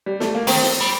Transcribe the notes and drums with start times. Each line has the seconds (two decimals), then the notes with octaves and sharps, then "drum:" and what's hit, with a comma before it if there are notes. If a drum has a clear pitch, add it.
0.06 G3
0.20 A3, drum: snare
0.35 A#3
0.47 D#3 C4, drum: open hi-hat
0.62 drum: snare
0.81 G3